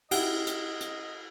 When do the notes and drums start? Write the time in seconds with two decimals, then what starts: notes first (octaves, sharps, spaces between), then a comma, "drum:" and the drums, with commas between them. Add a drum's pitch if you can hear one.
0.11 E4 G4 D#5 E5 F#5 G5, drum: cymbal
0.47 drum: hi-hat
0.81 drum: hi-hat